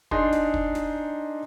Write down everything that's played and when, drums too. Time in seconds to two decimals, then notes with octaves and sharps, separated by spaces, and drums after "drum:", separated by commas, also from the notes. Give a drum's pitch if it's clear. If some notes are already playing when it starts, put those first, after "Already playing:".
0.11 D4 D#4 G#4 C6, drum: kick
0.33 drum: snare
0.54 drum: kick
0.75 drum: snare